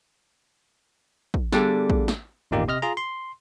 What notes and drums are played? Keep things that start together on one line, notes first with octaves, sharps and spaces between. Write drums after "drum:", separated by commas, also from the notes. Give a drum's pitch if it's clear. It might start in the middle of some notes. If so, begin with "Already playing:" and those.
drum: kick
D3 G3 B3 D4 G#4, drum: snare
drum: kick
drum: snare
G#1 E2 A#2 A#3 D#4 G4
C3 D#5 F6 A#6
F4 G#4 A#5
C6